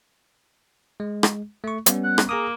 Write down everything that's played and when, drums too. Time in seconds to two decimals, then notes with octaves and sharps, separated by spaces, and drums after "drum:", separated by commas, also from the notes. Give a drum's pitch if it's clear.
1.00 G#3
1.23 drum: rim click
1.64 A3 C#6
1.86 G3 B3 C#4, drum: hi-hat
2.04 F#5
2.18 drum: rim click
2.29 A#3 G#4 A#5 D#6